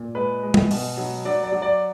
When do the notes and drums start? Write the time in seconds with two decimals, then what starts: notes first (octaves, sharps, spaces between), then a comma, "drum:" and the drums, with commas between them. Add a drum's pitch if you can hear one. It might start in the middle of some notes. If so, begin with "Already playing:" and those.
Already playing: A#2
0.15 G#3 B4
0.43 G#3
0.54 drum: tom
0.71 B2, drum: open hi-hat
0.97 F#3
1.25 F#3 D5
1.44 D5
1.52 F#3
1.62 D5